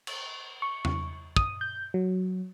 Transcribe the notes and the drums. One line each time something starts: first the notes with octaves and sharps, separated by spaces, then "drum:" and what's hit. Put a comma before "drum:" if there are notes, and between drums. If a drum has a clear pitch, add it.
drum: cymbal
C#6
drum: tom
D#6, drum: kick
G6
F#3